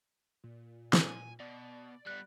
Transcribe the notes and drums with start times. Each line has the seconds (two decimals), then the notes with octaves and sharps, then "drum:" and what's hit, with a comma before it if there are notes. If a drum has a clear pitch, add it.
0.44 A#2
0.93 G#5, drum: snare
1.40 B2 D5
2.07 G3 B3 F#6